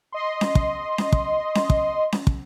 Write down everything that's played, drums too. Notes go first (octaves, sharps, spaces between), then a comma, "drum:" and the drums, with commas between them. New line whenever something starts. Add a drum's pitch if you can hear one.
D#5 C6
drum: snare C#4
drum: kick
drum: snare C#4
drum: kick
drum: snare C#4
drum: kick
drum: snare C#4
drum: kick